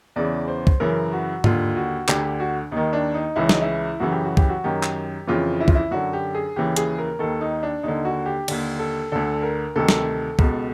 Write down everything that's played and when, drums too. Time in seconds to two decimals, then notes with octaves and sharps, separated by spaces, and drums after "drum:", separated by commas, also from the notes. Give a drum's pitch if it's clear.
0.16 E2 C#3 E3 D5
0.48 C5
0.67 drum: kick
0.80 F#2 C#3 E3 A#4
1.13 F#4
1.44 D#2 D3 F4, drum: tom G#2
1.77 F#4
2.08 D2 D3 G4, drum: clap
2.24 G4
2.40 F#4
2.72 D#2 D#3 D#4
2.93 D4
3.14 D#4
3.36 C#2 C#3 E3 E4
3.49 D#4, drum: snare
3.61 E4
4.00 F#2 C#3 E3 F#4
4.12 G4
4.24 F#4
4.37 G4, drum: kick
4.49 F#4
4.64 F#2 D#3 G4
4.83 drum: clap
5.27 F2 C#3 E3 F4
5.60 E4
5.68 F4, drum: kick
5.75 E4
5.91 F#2 D3 F#4
6.13 G4
6.35 G#4
6.56 D#2 C#3 E3 G4
6.76 G#4, drum: hi-hat
6.99 A#4
7.19 D#2 D#3 A4
7.41 D#4
7.63 D4
7.83 D#2 D3 D#4
8.05 F#4
8.26 G4
8.48 D#2 D3, drum: cymbal
8.79 A4
9.12 D2 D3 A4
9.43 A#4
9.76 D2 C3 D#3 A4
9.89 drum: snare
10.39 C#2 B2, drum: kick